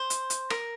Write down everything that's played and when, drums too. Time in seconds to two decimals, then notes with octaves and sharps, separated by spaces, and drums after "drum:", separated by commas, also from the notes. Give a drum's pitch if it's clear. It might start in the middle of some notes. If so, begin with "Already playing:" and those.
Already playing: C5
0.10 drum: hi-hat
0.30 drum: hi-hat
0.50 A#4, drum: rim click